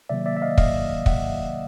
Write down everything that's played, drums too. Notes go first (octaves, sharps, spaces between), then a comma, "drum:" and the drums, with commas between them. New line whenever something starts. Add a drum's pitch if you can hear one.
C3 D#3 F#3 A#3 D5 E5
D5 E5
E5
D#5 F5
D#5 F5, drum: kick
E5 F#5, drum: kick